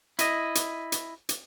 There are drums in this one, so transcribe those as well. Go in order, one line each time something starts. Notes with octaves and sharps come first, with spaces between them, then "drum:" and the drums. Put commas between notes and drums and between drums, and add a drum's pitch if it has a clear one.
E4 D#5, drum: hi-hat
drum: hi-hat
drum: hi-hat
drum: hi-hat